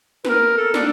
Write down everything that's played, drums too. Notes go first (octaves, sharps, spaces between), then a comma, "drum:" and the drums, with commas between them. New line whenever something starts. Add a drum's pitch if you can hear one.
B4, drum: snare
A#4
A4
D4, drum: snare